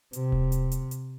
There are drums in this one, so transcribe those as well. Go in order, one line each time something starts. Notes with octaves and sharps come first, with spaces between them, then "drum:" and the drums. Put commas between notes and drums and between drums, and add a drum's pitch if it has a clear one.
C3, drum: hi-hat
drum: kick D#1
drum: hi-hat
drum: hi-hat
drum: hi-hat